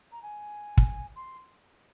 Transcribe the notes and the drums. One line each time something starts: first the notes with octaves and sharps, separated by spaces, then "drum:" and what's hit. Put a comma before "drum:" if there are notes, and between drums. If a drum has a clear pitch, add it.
A#5
G#5
drum: kick
C6